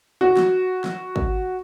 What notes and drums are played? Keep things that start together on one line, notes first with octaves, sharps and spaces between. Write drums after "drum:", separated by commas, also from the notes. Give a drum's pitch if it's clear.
F#4
drum: snare
drum: snare
drum: kick